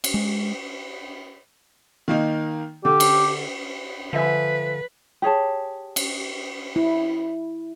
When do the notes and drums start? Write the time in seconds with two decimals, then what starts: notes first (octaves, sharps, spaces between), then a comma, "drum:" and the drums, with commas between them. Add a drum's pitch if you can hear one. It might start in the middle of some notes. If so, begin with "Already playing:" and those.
0.04 drum: cymbal
0.14 G#3
2.08 D#3 A#3 D#4
2.85 D3 G4
3.00 drum: cymbal
4.13 D3 F3 B4 E5 G#5
5.22 G4 G#4 C#5 A5
5.96 drum: cymbal
6.76 E4